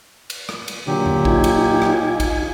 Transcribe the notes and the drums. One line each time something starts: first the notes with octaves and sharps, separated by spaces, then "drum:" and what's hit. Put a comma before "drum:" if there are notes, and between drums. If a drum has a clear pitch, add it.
drum: cymbal
drum: rim click
drum: cymbal
A#2 D3 F#3 G4
drum: tom E2
D#4 F4 G#5, drum: kick
drum: cymbal
drum: rim click
drum: kick, cymbal